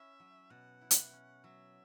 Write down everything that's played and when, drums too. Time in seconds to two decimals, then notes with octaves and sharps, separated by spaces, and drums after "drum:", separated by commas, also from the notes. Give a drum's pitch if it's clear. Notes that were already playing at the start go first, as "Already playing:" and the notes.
Already playing: C#4 E4 E5
0.20 F#3
0.50 B2 F#5
0.81 E4
0.91 drum: hi-hat
1.13 C#4
1.44 F#3 E5